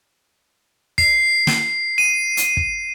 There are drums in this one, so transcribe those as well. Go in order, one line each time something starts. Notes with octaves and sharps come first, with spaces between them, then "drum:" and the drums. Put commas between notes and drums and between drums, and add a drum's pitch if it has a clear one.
C7, drum: kick
drum: snare
D#7
drum: hi-hat
drum: kick